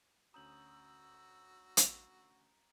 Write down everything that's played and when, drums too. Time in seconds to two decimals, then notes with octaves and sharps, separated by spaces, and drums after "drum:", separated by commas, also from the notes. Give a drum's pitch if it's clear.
0.34 D2 C#4 F#4 A#5 D#6 E6 G6 F#7
1.77 drum: hi-hat